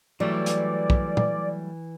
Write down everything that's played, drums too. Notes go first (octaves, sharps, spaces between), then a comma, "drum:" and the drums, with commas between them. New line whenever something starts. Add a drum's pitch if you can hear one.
E3 F#3 G3 A3 D5
drum: hi-hat
drum: kick
drum: tom A#2